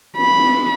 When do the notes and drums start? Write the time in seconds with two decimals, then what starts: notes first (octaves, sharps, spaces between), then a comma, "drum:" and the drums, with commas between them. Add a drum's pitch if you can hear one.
0.17 B5, drum: cymbal
0.39 drum: cymbal